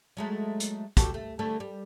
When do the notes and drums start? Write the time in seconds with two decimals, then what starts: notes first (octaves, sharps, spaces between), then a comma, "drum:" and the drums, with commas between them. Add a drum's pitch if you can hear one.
0.17 F#3 G#3 A3
0.60 drum: hi-hat
0.97 F#4 G4 A4, drum: kick, hi-hat
1.14 A3
1.39 D3 A3 A4
1.60 G3